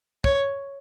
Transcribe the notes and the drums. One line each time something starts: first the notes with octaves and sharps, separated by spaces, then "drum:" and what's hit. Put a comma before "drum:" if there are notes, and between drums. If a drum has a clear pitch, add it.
C#5, drum: kick